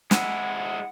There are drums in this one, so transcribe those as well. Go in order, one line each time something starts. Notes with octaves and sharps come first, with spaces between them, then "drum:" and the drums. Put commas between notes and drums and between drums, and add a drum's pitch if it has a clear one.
G#3 E4 F#5, drum: snare